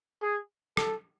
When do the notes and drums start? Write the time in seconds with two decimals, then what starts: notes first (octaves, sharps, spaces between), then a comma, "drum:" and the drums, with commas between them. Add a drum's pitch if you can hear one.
0.22 G#4
0.77 A4, drum: rim click